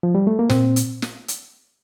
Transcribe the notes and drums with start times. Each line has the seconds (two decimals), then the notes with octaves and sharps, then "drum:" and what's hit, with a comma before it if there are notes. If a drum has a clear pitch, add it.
0.03 F3
0.15 G3
0.27 A3
0.39 A#3
0.50 A#2 C4, drum: snare
0.76 drum: hi-hat
1.02 drum: snare
1.28 drum: hi-hat